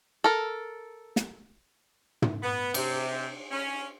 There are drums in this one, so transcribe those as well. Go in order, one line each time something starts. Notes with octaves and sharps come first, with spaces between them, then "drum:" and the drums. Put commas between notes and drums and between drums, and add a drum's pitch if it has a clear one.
A4 A#4
drum: snare
drum: tom
B3
C3, drum: cymbal
C#4